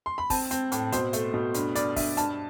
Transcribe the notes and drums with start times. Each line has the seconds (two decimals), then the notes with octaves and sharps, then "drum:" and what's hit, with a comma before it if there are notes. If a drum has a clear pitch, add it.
0.06 C6
0.18 B5
0.30 C4 A5, drum: kick, open hi-hat
0.51 C4, drum: hi-hat
0.72 A2, drum: hi-hat
0.92 B2 C5, drum: hi-hat
1.13 A3, drum: hi-hat
1.34 B2
1.54 G2, drum: hi-hat
1.75 G2 D5, drum: hi-hat
1.96 G2 E5, drum: kick, open hi-hat
2.17 G2 A5, drum: hi-hat